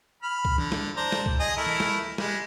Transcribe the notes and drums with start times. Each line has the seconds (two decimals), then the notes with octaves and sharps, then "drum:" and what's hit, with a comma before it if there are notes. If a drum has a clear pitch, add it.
0.22 B5 F6
0.45 drum: kick C#2
0.58 D3, drum: tom
0.72 drum: snare
0.97 D4 C5 A#5
1.12 drum: snare
1.26 drum: kick C#2
1.40 G#4 D#5
1.57 A3 E4 A#4
1.67 drum: tom
1.80 drum: snare
2.18 G3 G#3, drum: snare